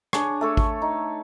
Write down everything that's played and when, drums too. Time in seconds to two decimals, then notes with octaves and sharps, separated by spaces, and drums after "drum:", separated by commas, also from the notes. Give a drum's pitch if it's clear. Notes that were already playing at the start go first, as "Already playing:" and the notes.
0.13 D4 G#4 C#5, drum: rim click
0.41 A3 A4 C#5
0.57 drum: kick G#1
0.82 D#4